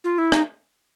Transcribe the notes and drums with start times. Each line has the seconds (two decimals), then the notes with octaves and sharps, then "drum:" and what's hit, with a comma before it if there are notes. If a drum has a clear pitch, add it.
0.04 F4
0.18 E4
0.32 D#4, drum: rim click